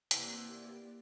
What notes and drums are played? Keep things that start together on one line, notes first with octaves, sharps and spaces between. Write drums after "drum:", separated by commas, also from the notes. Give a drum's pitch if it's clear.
C3 E3 A#3 B3 G4 D5, drum: hi-hat